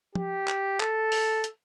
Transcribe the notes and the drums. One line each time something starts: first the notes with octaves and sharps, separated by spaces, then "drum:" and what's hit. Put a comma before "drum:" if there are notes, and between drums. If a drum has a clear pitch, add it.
G4, drum: tom
drum: clap
A4, drum: clap
drum: open hi-hat
drum: hi-hat